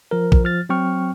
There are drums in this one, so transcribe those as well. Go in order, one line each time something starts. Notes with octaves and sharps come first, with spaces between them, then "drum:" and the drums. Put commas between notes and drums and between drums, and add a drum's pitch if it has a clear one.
F3 A#4
drum: kick A#1
F3 F6 A6
F#3 C4 G5 C#6 F6